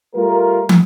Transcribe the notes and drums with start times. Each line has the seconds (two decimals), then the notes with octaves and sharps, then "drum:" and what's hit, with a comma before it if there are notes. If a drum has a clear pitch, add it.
0.15 G3 A3 F4 A#4
0.69 drum: tom